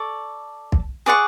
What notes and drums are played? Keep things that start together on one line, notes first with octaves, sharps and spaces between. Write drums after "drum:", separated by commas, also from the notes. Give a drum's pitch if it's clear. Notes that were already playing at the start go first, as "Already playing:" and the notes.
Already playing: A4 D5 C#6
drum: kick
G#4 D5 F#5 C#6